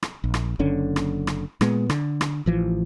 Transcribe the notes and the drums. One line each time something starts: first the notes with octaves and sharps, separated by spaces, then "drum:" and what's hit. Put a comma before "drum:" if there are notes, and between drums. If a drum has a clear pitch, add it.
drum: rim click
A#1
drum: rim click
F#1 D3 C#4
drum: rim click
drum: rim click
A#2 G#3 B3, drum: rim click
D3, drum: rim click
drum: rim click
A1 E3 F3